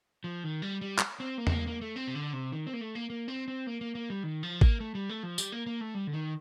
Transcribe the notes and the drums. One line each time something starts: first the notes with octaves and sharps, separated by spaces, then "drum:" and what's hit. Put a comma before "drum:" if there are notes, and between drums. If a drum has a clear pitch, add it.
F3
D#3
G3
G3
drum: clap
C4
A#3
C4, drum: tom E2
A#3
A#3
A3
C4
C3
D3
C3
D#3
C4
A#3
A3
A#3
A#3
C4
C4
A#3
A#3
A#3
G3
D#3
F3
A#3, drum: kick G#1
A3
G3
A3
F3
G3, drum: tambourine
A#3
A#3
A3
G3
D3
D#3